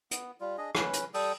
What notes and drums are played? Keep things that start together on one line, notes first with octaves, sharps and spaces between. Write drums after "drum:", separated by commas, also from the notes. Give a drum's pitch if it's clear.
B3, drum: hi-hat
G3 F4
D4 G#4 D#5
C#4 B4, drum: rim click
drum: hi-hat
G3 A4 G5 D#6, drum: open hi-hat